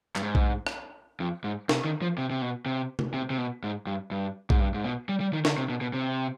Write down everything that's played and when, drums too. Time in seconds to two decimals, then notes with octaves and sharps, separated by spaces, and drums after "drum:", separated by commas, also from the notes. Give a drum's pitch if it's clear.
0.16 G2, drum: clap
0.23 G#2
0.35 drum: kick B1
0.67 drum: rim click
1.20 F2
1.44 G#2
1.69 C3, drum: snare
1.85 D#3
2.02 F3
2.18 C3
2.30 C3
2.42 B2
2.66 C3
2.99 drum: tom C3
3.14 C3
3.30 C3
3.38 B2
3.64 G#2
3.87 G2
4.11 G2
4.50 G#2, drum: kick B1
4.60 G2
4.74 G#2
4.84 B2
5.09 G3
5.20 G3
5.33 D#3
5.45 D3, drum: snare
5.58 C3
5.69 B2
5.81 B2
5.93 C3